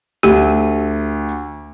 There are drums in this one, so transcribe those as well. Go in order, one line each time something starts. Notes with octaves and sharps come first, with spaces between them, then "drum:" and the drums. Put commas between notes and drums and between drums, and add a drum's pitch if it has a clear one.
D2 G4, drum: snare
drum: hi-hat